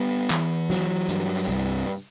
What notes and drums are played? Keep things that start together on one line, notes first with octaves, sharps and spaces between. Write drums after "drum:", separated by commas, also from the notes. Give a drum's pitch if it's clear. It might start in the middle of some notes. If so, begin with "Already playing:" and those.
Already playing: G3 B3
E3, drum: clap
F#3, drum: snare
G2, drum: hi-hat
drum: open hi-hat
C2